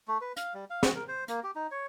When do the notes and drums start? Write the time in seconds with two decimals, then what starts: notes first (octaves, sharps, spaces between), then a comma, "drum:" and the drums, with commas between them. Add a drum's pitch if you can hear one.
0.08 A3
0.21 B4
0.36 F5, drum: hi-hat
0.54 G3
0.70 F5
0.83 F#4, drum: snare
0.95 A#4
1.08 C5
1.28 A#3, drum: hi-hat
1.43 G4
1.56 D#4
1.71 C#5